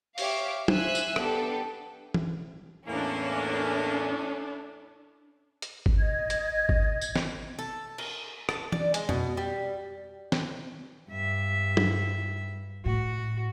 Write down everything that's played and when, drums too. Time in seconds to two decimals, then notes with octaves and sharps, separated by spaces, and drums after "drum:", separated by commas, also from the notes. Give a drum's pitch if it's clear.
0.18 G4 C#5 E5 F5 D6, drum: open hi-hat
0.68 C5 E5 G#5 E6 F#6, drum: tom
0.95 drum: tambourine
1.16 B3 D4 G4 A4, drum: rim click
2.14 drum: tom E3
2.87 E2 A2 A#3 C#4 D4 E4 A4
5.62 drum: hi-hat
5.86 drum: kick G1
5.98 D#5 G#6
6.30 drum: hi-hat
6.69 drum: kick G1
7.01 drum: tambourine
7.16 drum: snare
7.59 A4
7.98 A#4, drum: cymbal
8.49 A5, drum: rim click
8.72 D5, drum: tom E3
8.94 G#3, drum: hi-hat
9.09 B2, drum: tom F2
9.37 G3
10.32 drum: snare
11.09 G2 E5
11.77 drum: tom
12.86 A2 F#4